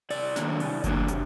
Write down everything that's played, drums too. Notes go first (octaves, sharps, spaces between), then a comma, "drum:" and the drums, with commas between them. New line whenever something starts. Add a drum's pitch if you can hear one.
C3 D5, drum: open hi-hat
D#3 F#3 A#3 D4, drum: snare
C3, drum: open hi-hat
D#3 F#3 A#3 D4, drum: kick F#1, hi-hat
C3, drum: hi-hat